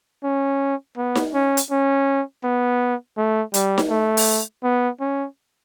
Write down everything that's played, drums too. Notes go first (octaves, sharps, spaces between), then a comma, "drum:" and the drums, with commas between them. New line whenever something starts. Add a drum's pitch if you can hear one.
C#4
B3
drum: snare D#4
C#4
drum: hi-hat
C#4
B3
A3
G3, drum: hi-hat
drum: snare D#4
A3
drum: open hi-hat
B3
C#4